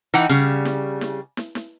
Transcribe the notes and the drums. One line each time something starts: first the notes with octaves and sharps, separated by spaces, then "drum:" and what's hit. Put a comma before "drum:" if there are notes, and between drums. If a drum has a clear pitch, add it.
E3 D#4 F#5 G5
C#3 G3
drum: snare
drum: snare
drum: snare
drum: snare